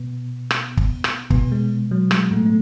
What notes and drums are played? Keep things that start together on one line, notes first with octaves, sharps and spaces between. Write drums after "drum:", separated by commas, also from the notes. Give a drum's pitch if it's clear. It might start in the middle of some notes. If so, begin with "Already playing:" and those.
Already playing: B2 B3
drum: rim click
drum: kick
drum: rim click
B2 B3, drum: kick
G#3
F#3
G#3, drum: rim click
A2 A3
A3